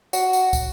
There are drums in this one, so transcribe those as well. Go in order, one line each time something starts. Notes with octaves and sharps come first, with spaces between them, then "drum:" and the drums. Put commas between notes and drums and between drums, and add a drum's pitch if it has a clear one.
F#4, drum: tambourine
drum: tambourine
drum: kick, tambourine